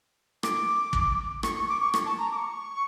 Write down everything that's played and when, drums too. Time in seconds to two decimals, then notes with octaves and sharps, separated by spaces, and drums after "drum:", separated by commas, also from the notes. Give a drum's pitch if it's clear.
0.43 D6, drum: rim click
0.93 drum: kick
1.43 C#6, drum: rim click
1.56 C#6
1.69 D6
1.81 C#6
1.94 C#6, drum: rim click
2.05 A5
2.18 A#5
2.31 D6
2.36 C#6